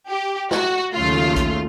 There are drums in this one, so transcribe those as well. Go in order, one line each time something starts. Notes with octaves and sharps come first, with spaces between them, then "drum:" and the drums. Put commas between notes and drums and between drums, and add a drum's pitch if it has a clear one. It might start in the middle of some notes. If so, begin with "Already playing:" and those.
G4
F#4, drum: snare
D#2 C#3 F#3 A3 F4
drum: kick A#1, hi-hat